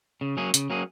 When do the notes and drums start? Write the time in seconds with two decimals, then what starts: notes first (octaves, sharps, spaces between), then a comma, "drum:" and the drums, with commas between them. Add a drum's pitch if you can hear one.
0.21 C#3
0.37 F#3 A#3 C#4 G#4
0.54 C#3, drum: hi-hat
0.70 F#3 A#3 C#4 G#4